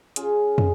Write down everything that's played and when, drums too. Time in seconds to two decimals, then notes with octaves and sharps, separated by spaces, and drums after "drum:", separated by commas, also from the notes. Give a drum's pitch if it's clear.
0.16 C#3 F4 G#4, drum: hi-hat
0.58 G#3, drum: tom